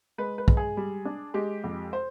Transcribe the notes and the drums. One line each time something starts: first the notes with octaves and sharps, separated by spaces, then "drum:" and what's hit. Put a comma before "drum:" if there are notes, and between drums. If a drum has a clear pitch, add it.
G#3 B4
B4
G#3, drum: kick
G#4
G3
D4
G#3 G4
F2
C5